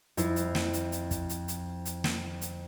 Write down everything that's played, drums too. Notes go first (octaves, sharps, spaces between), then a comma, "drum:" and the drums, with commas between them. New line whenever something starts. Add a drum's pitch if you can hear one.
F2 E4, drum: hi-hat
drum: hi-hat
drum: snare
drum: hi-hat
drum: hi-hat
drum: kick, hi-hat
drum: hi-hat
drum: hi-hat
drum: hi-hat
drum: snare
drum: hi-hat